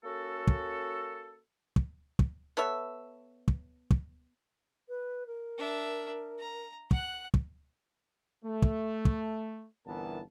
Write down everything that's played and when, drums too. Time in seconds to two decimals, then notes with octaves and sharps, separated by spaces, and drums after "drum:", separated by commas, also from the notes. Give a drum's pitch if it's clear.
0.04 A#3 C#4 F#4 A4
0.47 drum: kick
1.76 drum: kick
2.19 drum: kick
2.57 B3 A4 C#5 E5
3.48 drum: kick
3.91 drum: kick
4.89 B4
5.27 A#4
5.58 D4 E5
6.39 A#5
6.91 F#5 F#6, drum: kick
7.34 drum: kick
8.45 A3
8.62 drum: kick
9.05 drum: kick
9.87 G1 C2 E3 B3 A#4 A5